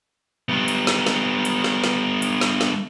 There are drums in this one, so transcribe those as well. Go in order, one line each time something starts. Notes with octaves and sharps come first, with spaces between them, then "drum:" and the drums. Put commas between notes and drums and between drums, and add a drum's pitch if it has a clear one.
G3 B3
drum: hi-hat
drum: snare
drum: snare
drum: hi-hat
drum: snare
drum: snare
drum: hi-hat
drum: snare
drum: snare